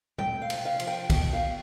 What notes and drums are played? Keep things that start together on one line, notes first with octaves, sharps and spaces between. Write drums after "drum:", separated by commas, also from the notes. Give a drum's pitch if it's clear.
A3 G5, drum: tom
F5
C3, drum: cymbal
F5
F3, drum: cymbal
G5
B2 G5, drum: kick, cymbal
F5